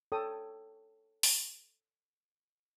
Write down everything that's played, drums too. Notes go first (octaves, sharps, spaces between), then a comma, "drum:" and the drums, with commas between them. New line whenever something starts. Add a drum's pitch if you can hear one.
A4 C#5 G5 D#6
drum: open hi-hat